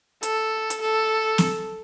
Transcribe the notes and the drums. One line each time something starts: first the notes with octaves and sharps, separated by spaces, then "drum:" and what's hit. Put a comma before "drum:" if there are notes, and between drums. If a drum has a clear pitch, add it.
A4, drum: hi-hat
drum: hi-hat
A4
drum: snare